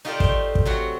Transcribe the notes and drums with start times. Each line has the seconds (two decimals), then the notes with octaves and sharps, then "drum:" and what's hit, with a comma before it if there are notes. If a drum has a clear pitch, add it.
0.05 D#4 F4 G4 A4 A#4 D5
0.20 A3 C5, drum: kick
0.55 drum: kick
0.65 C3 F#3 F#4